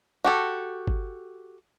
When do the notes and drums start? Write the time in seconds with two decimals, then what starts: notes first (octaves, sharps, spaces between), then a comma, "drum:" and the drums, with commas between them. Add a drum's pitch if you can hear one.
0.25 F#4 G4 A4
0.87 drum: kick G1